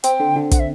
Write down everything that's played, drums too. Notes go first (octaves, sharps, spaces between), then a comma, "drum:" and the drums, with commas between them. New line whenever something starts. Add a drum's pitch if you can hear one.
C4 G5, drum: hi-hat
D3
D3
D3 F#5, drum: kick, hi-hat
E5